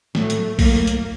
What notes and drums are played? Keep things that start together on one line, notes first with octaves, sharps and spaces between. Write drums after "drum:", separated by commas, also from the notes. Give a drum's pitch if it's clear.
A2 F#3 A3, drum: snare
drum: hi-hat
A2 F#3 A#3, drum: kick A#1, open hi-hat
drum: hi-hat